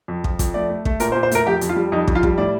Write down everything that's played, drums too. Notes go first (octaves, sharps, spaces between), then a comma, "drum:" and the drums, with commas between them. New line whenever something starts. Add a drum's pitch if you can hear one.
F2
F3, drum: kick
F2, drum: kick, hi-hat
A3 D5
A3
A3, drum: kick
A#2 A#4, drum: hi-hat
C5
A#2
C5
A3 A#4, drum: hi-hat
F2 G4
F2, drum: hi-hat
F4
G3
F2 D#4
F2, drum: kick
F4
G3, drum: kick
A2 D5